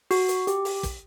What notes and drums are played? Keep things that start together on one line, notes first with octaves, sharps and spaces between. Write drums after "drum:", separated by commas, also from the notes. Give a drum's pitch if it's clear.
F#4, drum: open hi-hat
drum: hi-hat
G4, drum: hi-hat
drum: open hi-hat
drum: kick, hi-hat